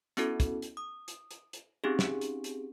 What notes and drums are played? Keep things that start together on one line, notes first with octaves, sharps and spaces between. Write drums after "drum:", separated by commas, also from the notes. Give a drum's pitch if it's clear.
B3 C#4 E4 F#4 A4, drum: hi-hat
drum: kick, hi-hat
drum: hi-hat
D#6
drum: hi-hat
drum: hi-hat
drum: hi-hat
C4 C#4 D#4 G4 G#4
drum: snare
drum: hi-hat
drum: hi-hat